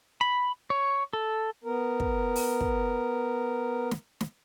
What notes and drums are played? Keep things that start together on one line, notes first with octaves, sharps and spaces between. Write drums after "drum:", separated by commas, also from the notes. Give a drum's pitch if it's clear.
B5
C#5
A4
B3 A#4
drum: kick
drum: open hi-hat
drum: kick
drum: snare
drum: snare